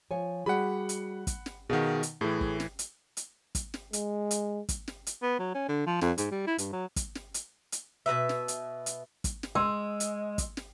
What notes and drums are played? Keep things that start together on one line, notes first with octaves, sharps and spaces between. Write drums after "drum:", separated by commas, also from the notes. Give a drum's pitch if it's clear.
F3 C#5 G#5
G3 F#4 G#4 F#5 B5
drum: hi-hat
drum: kick, hi-hat
drum: snare
B2 D#3 G#4 F5 F#5
drum: hi-hat
A2 E3 G#4 A4
drum: kick
drum: snare
drum: hi-hat
drum: hi-hat
drum: kick, hi-hat
drum: snare
G#3, drum: hi-hat
drum: hi-hat
drum: kick, hi-hat
drum: snare
drum: hi-hat
B3
F#3
C#4
D3
F3
F2, drum: snare
G#2, drum: hi-hat
G3
E4
G2, drum: hi-hat
F#3
drum: kick, hi-hat
drum: snare
drum: hi-hat
drum: hi-hat
B2 F3 B4 E5
drum: snare
drum: hi-hat
drum: hi-hat
drum: kick, hi-hat
drum: snare
G#3 C6 E6
drum: hi-hat
drum: kick, hi-hat
drum: snare